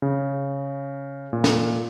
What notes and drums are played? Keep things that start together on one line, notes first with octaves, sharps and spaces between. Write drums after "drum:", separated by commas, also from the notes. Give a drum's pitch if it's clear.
C#3
A#2
drum: snare